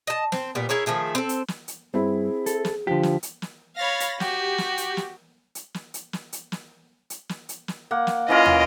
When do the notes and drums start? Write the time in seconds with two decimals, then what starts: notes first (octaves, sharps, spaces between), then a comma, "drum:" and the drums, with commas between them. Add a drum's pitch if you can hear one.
0.07 D#5 A5
0.32 C4, drum: snare
0.55 A#2 G3 B3
0.69 E4 G#4 A#4 C#5
0.86 D#3 F3 A3 G#4
1.15 C4 A4
1.29 drum: hi-hat
1.48 drum: snare
1.68 drum: hi-hat
1.94 G2 C4 E4 G#4
2.46 A4, drum: hi-hat
2.65 drum: snare
2.87 D3 F3 G4 B6
3.03 drum: snare
3.23 drum: hi-hat
3.42 drum: snare
3.76 C#5 F5 B5 A6 A#6
4.00 drum: hi-hat
4.20 F#4 G4, drum: snare
4.58 drum: snare
4.78 drum: hi-hat
4.97 drum: snare
5.55 drum: hi-hat
5.74 drum: snare
5.94 drum: hi-hat
6.13 drum: snare
6.33 drum: hi-hat
6.52 drum: snare
7.10 drum: hi-hat
7.29 drum: snare
7.49 drum: hi-hat
7.68 drum: snare
7.91 A#3 F#5
8.07 drum: snare
8.29 E3 C#4 F4 A#4 D#5
8.46 drum: tom